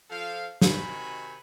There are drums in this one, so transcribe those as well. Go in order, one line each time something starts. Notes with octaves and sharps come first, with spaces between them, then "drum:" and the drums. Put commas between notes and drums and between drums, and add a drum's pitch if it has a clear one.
F3 A4 F5
C3 D#3 D#4 F#4 G#5 B5, drum: snare